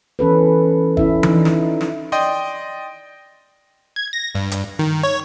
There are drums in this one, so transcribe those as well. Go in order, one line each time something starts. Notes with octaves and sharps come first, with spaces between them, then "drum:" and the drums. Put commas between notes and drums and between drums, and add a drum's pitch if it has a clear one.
E3 C#4 A4 B4
C#4 E4 E5, drum: kick
D4 D#4, drum: tom E3
drum: snare
drum: snare
D5 D#5 G5 C6 D#6
G#6
A#6
G2
drum: hi-hat
D#3
C#5